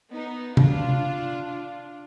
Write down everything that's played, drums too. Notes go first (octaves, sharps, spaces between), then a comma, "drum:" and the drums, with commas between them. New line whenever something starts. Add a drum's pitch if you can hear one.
B3 D#4
D4 F4, drum: tom C3
D4 F4